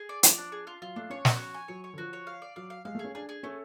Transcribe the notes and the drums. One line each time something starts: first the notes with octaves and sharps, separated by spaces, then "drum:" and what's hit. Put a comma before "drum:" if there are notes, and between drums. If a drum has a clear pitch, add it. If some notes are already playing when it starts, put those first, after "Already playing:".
Already playing: G#4
D5
F3 D5, drum: hi-hat
D4
G#4
F4
F#3 F4
A3 D4
C#4 C#5
F#4, drum: snare
C#5
G#5
F#3 C#5
C#5
D3
F3 F#4
C#5
F5
D5
F#3 F5
F5
G#3 F5
A3
G#4
C#4
D4 G#4
G#4
A3 C#4